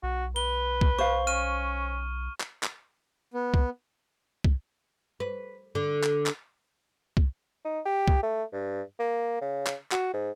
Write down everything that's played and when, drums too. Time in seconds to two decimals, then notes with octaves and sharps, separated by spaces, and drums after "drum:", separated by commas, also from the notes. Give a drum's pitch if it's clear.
0.03 B1 F#4
0.36 B4 G7
0.81 drum: kick C2
0.99 C5 F5 C#6
1.27 C#4 F6 D#7
2.40 drum: clap
2.63 drum: clap
3.34 B3
3.54 drum: kick C2
4.44 drum: kick C2
5.20 B4
5.75 D3
6.03 drum: clap
6.26 drum: clap
7.17 drum: kick C2
7.65 D#4
7.85 G4
8.08 drum: kick C2
8.23 A3
8.53 G2
8.99 A#3
9.41 C#3
9.66 drum: clap
9.91 F#4, drum: clap
10.13 G#2